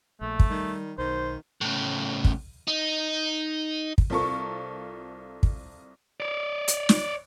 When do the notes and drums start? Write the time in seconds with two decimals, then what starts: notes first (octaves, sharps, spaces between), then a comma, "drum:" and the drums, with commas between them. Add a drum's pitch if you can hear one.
0.21 A#1 A3
0.39 drum: kick
0.50 D#3 G3
0.98 B1 D#3 C5
1.61 A2 C#3
2.25 drum: kick
2.68 D#4
3.98 drum: kick
4.10 C2 C4 F4 A4 A#4 C#6
5.43 drum: kick
6.20 C#5 D5
6.68 drum: hi-hat
6.89 drum: snare